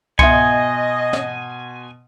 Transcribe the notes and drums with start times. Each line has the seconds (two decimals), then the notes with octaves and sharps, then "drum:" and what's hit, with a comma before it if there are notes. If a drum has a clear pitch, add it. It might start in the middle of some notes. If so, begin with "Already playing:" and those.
0.19 B2 D#5 E5 G#5 C6 C#7, drum: kick C2
1.13 drum: snare